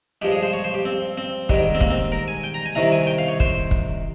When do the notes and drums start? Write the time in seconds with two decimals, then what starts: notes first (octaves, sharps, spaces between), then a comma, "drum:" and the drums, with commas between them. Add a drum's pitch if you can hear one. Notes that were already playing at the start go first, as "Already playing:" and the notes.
0.22 G2 F3 G#3 G4
0.32 G#4
0.43 C5
0.53 C#5
0.64 C5
0.74 G4
0.85 C4
1.18 C4
1.49 G#2 D#3 G3, drum: kick
1.75 C4
1.81 A#3, drum: kick
1.90 C4
2.12 A#4
2.28 G#5
2.44 G5
2.54 A#5
2.66 G#5
2.75 C2 C3 D#3 A#5
2.92 G#5
3.07 G5
3.18 F5
3.28 C#5
3.40 C5, drum: kick
3.71 drum: kick